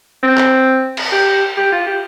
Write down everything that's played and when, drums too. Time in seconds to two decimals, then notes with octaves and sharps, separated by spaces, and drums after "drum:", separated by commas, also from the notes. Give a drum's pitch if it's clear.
0.23 C4
0.37 drum: clap
0.97 drum: cymbal
1.12 G4
1.57 G4
1.72 F4
1.87 G4